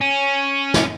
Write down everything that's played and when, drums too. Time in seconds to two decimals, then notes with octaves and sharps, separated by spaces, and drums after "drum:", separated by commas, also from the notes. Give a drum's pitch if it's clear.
0.01 C#4
0.74 drum: snare